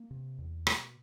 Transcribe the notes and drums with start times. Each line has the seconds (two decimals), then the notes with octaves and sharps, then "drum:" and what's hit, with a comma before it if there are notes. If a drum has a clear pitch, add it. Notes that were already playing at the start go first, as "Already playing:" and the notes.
Already playing: A#3
0.10 C3
0.38 E2
0.67 B2, drum: rim click